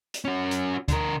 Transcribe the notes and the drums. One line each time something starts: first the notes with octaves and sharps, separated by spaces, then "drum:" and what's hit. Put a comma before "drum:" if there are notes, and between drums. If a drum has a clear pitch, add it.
drum: hi-hat
C#4 F#4
drum: hi-hat
D3 A#4, drum: kick D2, hi-hat